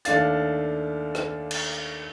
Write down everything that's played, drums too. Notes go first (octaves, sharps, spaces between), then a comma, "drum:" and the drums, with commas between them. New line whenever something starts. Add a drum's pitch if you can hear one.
D#2 A3 D4 F5 A6, drum: hi-hat
drum: rim click
drum: cymbal